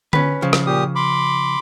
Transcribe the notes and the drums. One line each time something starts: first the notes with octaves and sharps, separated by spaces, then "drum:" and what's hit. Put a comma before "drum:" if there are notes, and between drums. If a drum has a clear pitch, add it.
C#4 B4, drum: tom D3
C#3 F3
drum: rim click
A#2 G4 D#6
B5 C6 D6